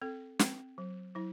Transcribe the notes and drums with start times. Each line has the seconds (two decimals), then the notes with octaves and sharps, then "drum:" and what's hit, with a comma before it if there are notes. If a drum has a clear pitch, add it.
0.02 C4 A4
0.39 C4, drum: snare
0.78 F#3
1.15 F#3 E4